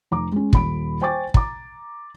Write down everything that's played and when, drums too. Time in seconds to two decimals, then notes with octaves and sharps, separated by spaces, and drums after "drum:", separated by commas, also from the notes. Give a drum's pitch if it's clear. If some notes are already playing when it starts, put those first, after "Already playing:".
0.11 F1 A#5 D6
0.32 G#3 C#4
0.53 D#1 B5 D7, drum: kick
1.01 C5 G5 G#5 C#6 D6 A6
1.34 A#5 D6, drum: kick